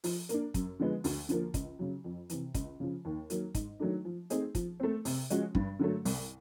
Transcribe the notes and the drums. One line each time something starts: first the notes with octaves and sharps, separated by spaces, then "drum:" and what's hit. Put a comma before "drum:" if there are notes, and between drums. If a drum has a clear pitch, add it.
F3, drum: open hi-hat
A#3 D4, drum: hi-hat
F#2, drum: kick, hi-hat
D3 F3 G#3 B3
D2, drum: open hi-hat
D3 F3 A#3, drum: hi-hat
C#2, drum: kick, hi-hat
C#3 F#3
F2
C3 E3, drum: hi-hat
C#2, drum: kick, hi-hat
C#3 F3
D#2
D#3 F#3 A#3, drum: hi-hat
G#2, drum: kick, hi-hat
D#3 F#3 A3 D4
F3
A3 C4 D#4 G#4, drum: hi-hat
F3, drum: kick, hi-hat
A3 C4
C3, drum: open hi-hat
F3 G#3 C#4 F#4, drum: hi-hat
G2, drum: kick
D3 F#3 A3
C2, drum: open hi-hat